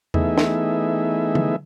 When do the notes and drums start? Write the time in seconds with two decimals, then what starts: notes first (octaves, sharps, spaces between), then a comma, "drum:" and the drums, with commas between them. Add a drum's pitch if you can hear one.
0.14 E3 A3 B3 D#4 G#4 E5, drum: tom E2
0.38 drum: snare
1.35 drum: tom D3